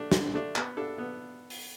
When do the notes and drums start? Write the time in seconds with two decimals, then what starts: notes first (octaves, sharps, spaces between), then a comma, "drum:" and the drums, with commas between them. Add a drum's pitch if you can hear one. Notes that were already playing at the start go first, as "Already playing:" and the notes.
Already playing: A3 D4
0.12 D3, drum: snare
0.34 A3 D4
0.56 B3, drum: clap
0.77 D4 A4
0.98 B3
1.50 drum: open hi-hat